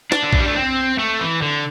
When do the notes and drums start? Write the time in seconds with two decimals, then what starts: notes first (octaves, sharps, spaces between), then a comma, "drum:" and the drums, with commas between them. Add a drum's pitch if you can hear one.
0.12 D4, drum: snare
0.24 D3
0.33 E3, drum: kick A#1
0.40 G3
0.48 A3
0.56 C4
0.99 A3
1.21 E3
1.42 D3